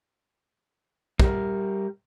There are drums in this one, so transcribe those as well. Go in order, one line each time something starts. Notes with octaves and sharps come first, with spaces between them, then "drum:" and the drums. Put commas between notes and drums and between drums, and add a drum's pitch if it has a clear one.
G3 A#4, drum: kick